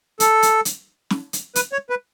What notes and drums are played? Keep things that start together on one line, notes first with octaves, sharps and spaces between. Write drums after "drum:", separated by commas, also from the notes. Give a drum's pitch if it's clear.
A4, drum: hi-hat
drum: hi-hat
drum: hi-hat
drum: snare
drum: hi-hat
B4, drum: hi-hat
C#5
B4